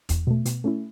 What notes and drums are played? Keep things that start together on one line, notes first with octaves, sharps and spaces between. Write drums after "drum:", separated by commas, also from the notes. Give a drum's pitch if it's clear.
E2, drum: kick, hi-hat
B2 A3
B2, drum: hi-hat
A3 C#4 E4